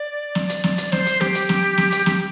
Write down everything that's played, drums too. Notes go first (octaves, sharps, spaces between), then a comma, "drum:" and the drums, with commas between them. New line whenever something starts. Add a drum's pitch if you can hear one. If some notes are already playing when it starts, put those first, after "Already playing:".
Already playing: D5
drum: snare
drum: hi-hat
drum: snare
drum: hi-hat
C5, drum: snare
drum: hi-hat
G4, drum: snare
drum: hi-hat
drum: snare
drum: snare
drum: hi-hat
G4, drum: snare